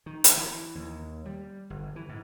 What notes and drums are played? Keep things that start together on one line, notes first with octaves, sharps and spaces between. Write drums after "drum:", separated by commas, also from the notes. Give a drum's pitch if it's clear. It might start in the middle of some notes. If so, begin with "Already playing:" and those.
D#3
drum: hi-hat
E3
D#2
G3
G1
E3
G#2